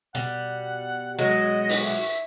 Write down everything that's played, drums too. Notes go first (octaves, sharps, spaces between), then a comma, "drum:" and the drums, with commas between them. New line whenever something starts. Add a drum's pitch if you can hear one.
B2 G3 F#5
F#3 G#3 F#4 D#5
drum: open hi-hat
E5